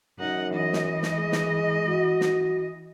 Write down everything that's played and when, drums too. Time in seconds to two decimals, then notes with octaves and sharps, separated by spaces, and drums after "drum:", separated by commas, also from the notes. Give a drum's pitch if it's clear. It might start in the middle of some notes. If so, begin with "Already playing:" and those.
0.19 F#2 D#4 F#5
0.52 E3 D#5
0.73 drum: snare
1.03 drum: snare
1.17 G#3
1.32 drum: snare
1.88 F#4
2.21 drum: snare